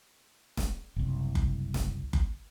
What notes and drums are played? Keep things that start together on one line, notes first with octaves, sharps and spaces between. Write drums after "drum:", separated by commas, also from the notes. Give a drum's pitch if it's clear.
drum: snare
F#1 C2
drum: kick F#1
drum: snare
drum: kick F#1